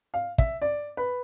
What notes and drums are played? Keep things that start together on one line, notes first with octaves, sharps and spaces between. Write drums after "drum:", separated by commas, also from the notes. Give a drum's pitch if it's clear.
F5
E5, drum: kick
D5
B4